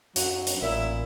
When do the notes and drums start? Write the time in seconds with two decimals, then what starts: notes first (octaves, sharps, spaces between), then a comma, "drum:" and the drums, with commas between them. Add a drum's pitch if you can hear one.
0.16 F#2 F#3, drum: hi-hat
0.47 drum: hi-hat
0.62 A1 A#2 E4 E5